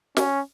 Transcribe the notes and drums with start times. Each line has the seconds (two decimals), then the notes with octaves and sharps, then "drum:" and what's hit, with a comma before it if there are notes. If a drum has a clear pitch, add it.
0.17 C#4, drum: snare